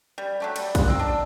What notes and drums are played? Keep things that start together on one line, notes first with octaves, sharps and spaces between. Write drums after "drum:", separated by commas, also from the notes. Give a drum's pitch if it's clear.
G3
F#3 A3 G4
G3, drum: cymbal
F#6, drum: kick A#1, cymbal
C4 A#5 E6
D4 D#5